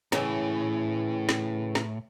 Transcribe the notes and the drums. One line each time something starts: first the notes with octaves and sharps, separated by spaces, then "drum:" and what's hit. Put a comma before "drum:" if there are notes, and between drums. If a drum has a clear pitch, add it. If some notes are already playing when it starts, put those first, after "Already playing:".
A2 C#3 E3, drum: snare
drum: snare
drum: snare